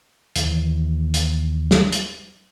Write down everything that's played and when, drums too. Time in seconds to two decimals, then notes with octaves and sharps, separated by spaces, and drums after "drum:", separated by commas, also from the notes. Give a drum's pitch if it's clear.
0.36 D#2 E3, drum: hi-hat
1.14 drum: hi-hat
1.71 drum: snare
1.92 drum: hi-hat